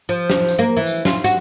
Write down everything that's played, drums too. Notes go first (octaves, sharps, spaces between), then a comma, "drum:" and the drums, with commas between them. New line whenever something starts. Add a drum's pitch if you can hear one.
F3
drum: snare
drum: tambourine
A#3
E3
drum: tambourine
F4, drum: snare
F#4, drum: tambourine